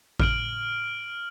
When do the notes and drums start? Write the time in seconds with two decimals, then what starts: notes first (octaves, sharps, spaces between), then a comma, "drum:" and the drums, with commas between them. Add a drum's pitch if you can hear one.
0.20 F6 D7 F#7, drum: kick G#1